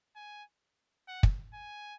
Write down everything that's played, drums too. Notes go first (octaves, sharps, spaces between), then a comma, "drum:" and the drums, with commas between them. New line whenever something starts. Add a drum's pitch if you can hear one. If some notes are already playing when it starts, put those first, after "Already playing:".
G#5
F#5
drum: kick
G#5